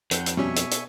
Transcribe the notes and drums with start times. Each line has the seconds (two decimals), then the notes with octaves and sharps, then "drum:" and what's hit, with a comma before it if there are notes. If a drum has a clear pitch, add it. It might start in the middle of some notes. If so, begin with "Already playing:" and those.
0.11 F2 F#5 G6, drum: hi-hat
0.26 drum: hi-hat
0.37 B2 G3 C#4 E5 G#5 C#6
0.56 drum: hi-hat
0.71 drum: hi-hat